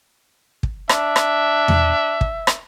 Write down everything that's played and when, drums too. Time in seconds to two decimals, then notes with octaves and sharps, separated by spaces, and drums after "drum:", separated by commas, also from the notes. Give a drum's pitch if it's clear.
0.63 drum: kick
0.89 D4 E5, drum: rim click
1.16 drum: rim click
1.68 drum: tom E2
2.21 drum: kick
2.47 drum: rim click